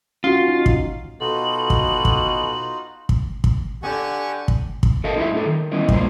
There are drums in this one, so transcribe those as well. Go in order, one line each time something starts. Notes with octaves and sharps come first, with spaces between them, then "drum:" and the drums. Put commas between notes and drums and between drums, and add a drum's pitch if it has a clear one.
C#4 F4 F#4
D#4
drum: kick
B2 D#4 F4 F#4 A4 F#7
drum: kick
drum: kick
drum: kick
drum: kick
D3 G4 F#5 G#5 C#6
drum: kick
drum: kick
A4 A#4 D#5 F5 G#5 A5
D#4 E4 G#4 D#5 E5
A2 D#4 A4
D#3
G3 B3 C#4 E4 D#5
C3 F3 G#3 A#3 D4 C5, drum: kick